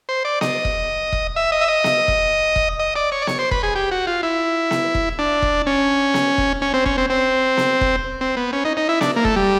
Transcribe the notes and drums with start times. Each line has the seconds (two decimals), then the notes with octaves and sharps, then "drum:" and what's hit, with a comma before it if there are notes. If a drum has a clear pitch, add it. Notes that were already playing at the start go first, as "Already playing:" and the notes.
0.09 C5
0.25 D5
0.41 D#5, drum: snare B3
0.65 drum: kick E1
1.12 drum: kick E1
1.36 E5
1.52 D#5
1.61 E5
1.68 D#5
1.84 drum: snare B3
2.08 drum: kick E1
2.56 drum: kick E1
2.79 D#5
2.96 D5
3.12 C#5
3.22 D5
3.27 C#5, drum: snare B3
3.39 C5
3.51 B4, drum: kick E1
3.63 G#4
3.75 G4
3.91 F#4
4.07 F4
4.23 E4
4.71 drum: snare B3
4.95 drum: kick E1
5.19 D4
5.42 drum: kick E1
5.67 C#4
6.14 drum: snare B3
6.38 drum: kick E1
6.62 C#4
6.74 C4
6.86 C#4, drum: kick E1
6.98 C4
7.10 C4
7.57 drum: snare B3
7.81 drum: kick E1
8.21 C4
8.37 B3
8.53 C#4
8.65 D#4
8.77 D#4
8.89 E4
9.01 D4, drum: snare B3
9.16 A#3
9.25 A3, drum: kick E1
9.36 G3